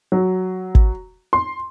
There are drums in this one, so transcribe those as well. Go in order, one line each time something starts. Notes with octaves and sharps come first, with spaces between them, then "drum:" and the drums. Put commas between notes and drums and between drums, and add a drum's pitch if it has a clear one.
F#3
drum: kick
C6